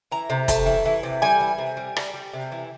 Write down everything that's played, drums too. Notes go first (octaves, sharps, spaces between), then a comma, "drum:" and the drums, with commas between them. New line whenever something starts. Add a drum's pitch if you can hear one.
E3 A#5
C3
A3 A5, drum: kick, hi-hat
E3
E3
C3
G3 G#5
E3
C3
G3
G3, drum: rim click
G3
C3
E3